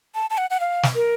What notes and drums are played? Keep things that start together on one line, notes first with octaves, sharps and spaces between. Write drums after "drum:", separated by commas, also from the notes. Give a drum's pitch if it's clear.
A5
A5
F#5
F#5
F5
drum: snare
A#4